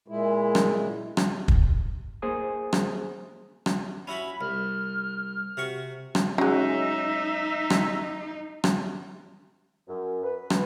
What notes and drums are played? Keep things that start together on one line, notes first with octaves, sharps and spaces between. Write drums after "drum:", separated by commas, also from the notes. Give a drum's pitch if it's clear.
A#2 G#3 E4
drum: rim click
drum: rim click
drum: kick
A#3 G#4 C5 G#5 D#6
drum: rim click
drum: rim click
C#4 E4 F#4 B5
C2 F6
C3 F#4 C#6
drum: rim click
F#3 G#3 C#4 D#4 E5 F#5
drum: rim click
drum: rim click
F#2
B4
drum: rim click